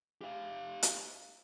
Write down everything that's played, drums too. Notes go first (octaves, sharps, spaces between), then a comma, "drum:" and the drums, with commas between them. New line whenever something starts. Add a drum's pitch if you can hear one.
G4 F5
drum: hi-hat